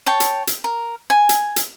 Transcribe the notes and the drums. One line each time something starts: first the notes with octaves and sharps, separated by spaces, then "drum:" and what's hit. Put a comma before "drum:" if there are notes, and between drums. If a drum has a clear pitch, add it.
C#5 G5 A5
drum: hi-hat
drum: hi-hat
A#4
G#5
drum: hi-hat
drum: hi-hat